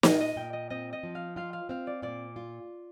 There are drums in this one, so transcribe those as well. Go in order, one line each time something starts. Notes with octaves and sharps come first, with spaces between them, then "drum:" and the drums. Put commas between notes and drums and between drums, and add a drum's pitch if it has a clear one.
A#2 D#5, drum: snare
D#5
A#2 G5
D#5
C4 D#5
D#5
F3
F5
F4 F5
F5
C4 F5
D5
A#2 D5
F4